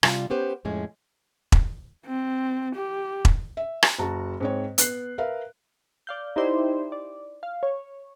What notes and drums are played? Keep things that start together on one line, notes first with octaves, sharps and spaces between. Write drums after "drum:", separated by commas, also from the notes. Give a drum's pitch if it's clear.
C3 G3 D4 F4, drum: rim click
B3 C#4 G4 B4 C5
F2 A2 G#3 C#4
drum: kick E1
C4
G4
drum: kick E1
E5
drum: rim click
F#1 F#4 A5 A#5
G#2 C4 C#5
B3 F#6 C7, drum: hi-hat
A#4 B4 E5 F5
D5 F5 G6
D#4 E4 G4 C5 D5
D5
F5
C#5